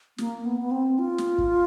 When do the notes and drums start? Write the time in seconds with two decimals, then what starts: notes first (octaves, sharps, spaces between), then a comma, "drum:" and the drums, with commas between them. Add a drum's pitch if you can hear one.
0.18 A#3, drum: snare
0.45 B3
0.61 B3
0.71 C4
0.99 F4
1.18 drum: snare
1.38 drum: kick